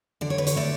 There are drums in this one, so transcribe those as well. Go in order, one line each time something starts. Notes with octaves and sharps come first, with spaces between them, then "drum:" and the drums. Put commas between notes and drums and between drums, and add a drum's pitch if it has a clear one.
D3 D5
C#5
B4
C#5, drum: hi-hat
A3 D5